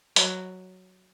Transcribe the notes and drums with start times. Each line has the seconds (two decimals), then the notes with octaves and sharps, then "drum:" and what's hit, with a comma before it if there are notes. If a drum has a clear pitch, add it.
0.16 F#3, drum: hi-hat